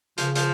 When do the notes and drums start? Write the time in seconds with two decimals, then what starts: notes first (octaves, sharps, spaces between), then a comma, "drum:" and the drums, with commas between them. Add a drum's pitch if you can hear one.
0.18 C#3 F3, drum: hi-hat
0.35 F3, drum: hi-hat